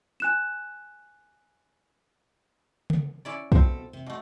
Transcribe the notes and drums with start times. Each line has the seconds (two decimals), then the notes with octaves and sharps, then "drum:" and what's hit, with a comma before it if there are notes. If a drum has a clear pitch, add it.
0.20 G#5 F#6 E7
2.90 drum: tom C#3
3.25 C#4 E4 D5
3.52 B2 C4 A4, drum: kick
3.93 C3
4.06 B2 A3